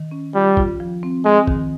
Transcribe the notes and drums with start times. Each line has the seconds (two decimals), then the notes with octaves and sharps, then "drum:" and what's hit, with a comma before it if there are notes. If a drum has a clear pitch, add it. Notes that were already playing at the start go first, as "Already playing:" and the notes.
Already playing: D#3
0.11 C#4
0.34 G3 F4
0.57 F4, drum: kick G#1
0.80 F3
1.03 C4
1.25 G#3 C4
1.47 D#3, drum: kick G#1